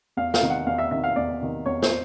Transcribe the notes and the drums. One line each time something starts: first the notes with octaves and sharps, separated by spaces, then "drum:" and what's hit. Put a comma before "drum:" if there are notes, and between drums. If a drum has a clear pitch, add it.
E2 F5
F5, drum: snare
C3 D#3
F#5
E2 F5
E5
C3 D#3 E5
F5
E2 D5
C3 D#3
E2 C#5
C5, drum: snare